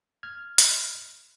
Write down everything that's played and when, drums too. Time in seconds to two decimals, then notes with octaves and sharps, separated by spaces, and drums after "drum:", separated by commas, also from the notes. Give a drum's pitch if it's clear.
0.23 F6 G#6
0.58 drum: hi-hat